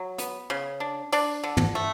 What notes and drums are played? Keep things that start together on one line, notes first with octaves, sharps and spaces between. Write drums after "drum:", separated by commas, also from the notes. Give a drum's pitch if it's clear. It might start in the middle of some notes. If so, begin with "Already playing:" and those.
Already playing: F#3
B3, drum: hi-hat
C#3
D4
D4 D5, drum: open hi-hat
D3
drum: tom
A3